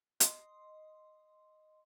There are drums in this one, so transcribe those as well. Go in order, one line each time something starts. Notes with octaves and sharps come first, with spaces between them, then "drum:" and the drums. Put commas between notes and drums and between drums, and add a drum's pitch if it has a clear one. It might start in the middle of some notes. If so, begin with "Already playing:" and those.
D#5 C6, drum: hi-hat